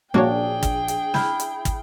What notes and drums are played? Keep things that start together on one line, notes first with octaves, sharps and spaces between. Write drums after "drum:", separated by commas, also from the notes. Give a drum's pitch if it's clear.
A#1 A#3 D4 F#4 G#4 C#5 G5
drum: kick, hi-hat
drum: hi-hat
E4 F6 G6, drum: snare
drum: hi-hat
drum: kick, hi-hat